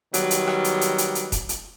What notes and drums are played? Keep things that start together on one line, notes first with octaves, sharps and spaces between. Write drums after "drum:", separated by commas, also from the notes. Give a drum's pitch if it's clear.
D#3 F#3 G3 B3, drum: hi-hat
drum: hi-hat
drum: rim click
drum: hi-hat
drum: hi-hat
drum: hi-hat
drum: hi-hat
drum: kick E1, hi-hat
drum: hi-hat